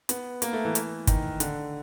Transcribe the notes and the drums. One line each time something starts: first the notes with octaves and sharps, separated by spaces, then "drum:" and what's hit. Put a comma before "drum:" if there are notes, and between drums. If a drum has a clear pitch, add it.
B3, drum: hi-hat
A#3, drum: hi-hat
A3
E3
drum: hi-hat
D#3, drum: kick G1, hi-hat
D3, drum: hi-hat